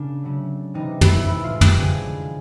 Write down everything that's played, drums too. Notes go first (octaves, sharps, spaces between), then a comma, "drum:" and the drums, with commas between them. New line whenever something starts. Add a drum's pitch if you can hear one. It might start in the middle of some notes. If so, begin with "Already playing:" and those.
Already playing: C#3 A#3 D4
C#3 F#3 A3
C3 E3 G3 D#4
E4, drum: tom
A2 E3 G#3 E4
F4
G4, drum: tom
D3 F3 G#3 G#4